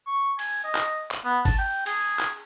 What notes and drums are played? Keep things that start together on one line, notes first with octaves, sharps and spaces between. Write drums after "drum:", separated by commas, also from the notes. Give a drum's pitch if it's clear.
C#6
G#5, drum: cymbal
D#5
drum: clap
drum: clap
B3
A5, drum: kick G#1, cymbal
G5
G#4, drum: cymbal
drum: clap